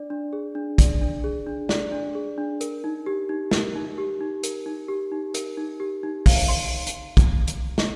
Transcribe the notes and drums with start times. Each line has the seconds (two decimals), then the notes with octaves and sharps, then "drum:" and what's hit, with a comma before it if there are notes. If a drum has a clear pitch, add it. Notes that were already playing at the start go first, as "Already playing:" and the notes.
Already playing: D4 D5
0.10 D4
0.33 G#4
0.55 D4
0.78 D5, drum: kick, hi-hat
1.01 D4
1.24 G#4
1.47 D4
1.69 D5, drum: snare
1.92 D4
2.15 G#4
2.38 D4
2.61 A#4, drum: hi-hat
2.84 D#4
3.06 G4
3.29 D#4
3.51 A#4, drum: snare
3.75 D#4
3.98 G4
4.21 D#4
4.43 A#4, drum: hi-hat
4.66 D#4
4.88 G4
5.12 D#4
5.34 A#4, drum: hi-hat
5.57 D#4
5.80 G4
6.03 D#4
6.26 F5, drum: kick, open hi-hat
6.48 C6
6.87 drum: hi-hat
7.17 drum: kick, hi-hat
7.47 drum: hi-hat
7.78 drum: snare